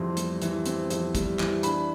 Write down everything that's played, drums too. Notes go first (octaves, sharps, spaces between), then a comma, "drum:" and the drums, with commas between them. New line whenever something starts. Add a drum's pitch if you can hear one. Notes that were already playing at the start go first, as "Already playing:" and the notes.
Already playing: F2 E3 G3 C4 C6
G3, drum: hi-hat
E3, drum: hi-hat
C4, drum: hi-hat
F2, drum: hi-hat
G3, drum: kick, hi-hat
E3, drum: clap
D4 B5, drum: hi-hat